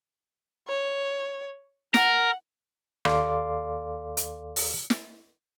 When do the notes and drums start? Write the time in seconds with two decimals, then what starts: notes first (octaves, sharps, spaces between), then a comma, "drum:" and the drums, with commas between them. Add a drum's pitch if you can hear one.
0.68 C#5
1.94 A#4 F#5, drum: snare
3.05 D#2 A4 D5 F5 C6 D6, drum: rim click
4.17 drum: hi-hat
4.56 drum: open hi-hat
4.90 drum: snare